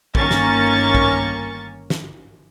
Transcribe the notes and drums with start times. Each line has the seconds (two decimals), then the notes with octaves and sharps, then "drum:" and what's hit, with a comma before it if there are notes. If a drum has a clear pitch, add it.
0.15 G1 D#3 A#3 C#4 C#6 A6, drum: kick
0.31 drum: snare
0.95 drum: kick
1.90 drum: snare